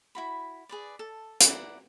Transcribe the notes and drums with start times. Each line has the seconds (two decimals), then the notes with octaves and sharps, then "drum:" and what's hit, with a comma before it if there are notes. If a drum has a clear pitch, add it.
0.15 E4 F#4 B5
0.69 G#4 B4 D5
0.99 A4
1.41 E4 D5 F#5 A#5, drum: hi-hat